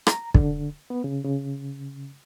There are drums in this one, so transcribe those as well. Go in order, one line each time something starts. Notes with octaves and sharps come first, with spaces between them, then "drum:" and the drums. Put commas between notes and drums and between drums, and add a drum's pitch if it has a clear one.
A#5, drum: rim click
D3, drum: kick
B3
C#3
C#3